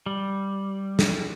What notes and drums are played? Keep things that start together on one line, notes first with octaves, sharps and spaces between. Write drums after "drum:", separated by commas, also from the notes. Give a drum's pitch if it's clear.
G3
drum: snare